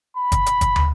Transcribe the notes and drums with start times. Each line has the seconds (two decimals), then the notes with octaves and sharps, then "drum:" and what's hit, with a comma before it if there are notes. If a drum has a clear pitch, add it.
0.17 B5
0.32 drum: kick, hi-hat
0.46 drum: hi-hat
0.61 drum: kick, hi-hat
0.76 drum: tom